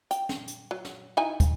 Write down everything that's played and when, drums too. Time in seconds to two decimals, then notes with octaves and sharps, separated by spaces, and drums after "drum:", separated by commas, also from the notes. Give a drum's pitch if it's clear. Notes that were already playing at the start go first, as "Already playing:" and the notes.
0.11 G5, drum: hi-hat
0.29 drum: snare
0.48 drum: hi-hat
0.71 F#3
0.85 drum: snare
1.17 D#4 E4 G#5
1.40 drum: kick, hi-hat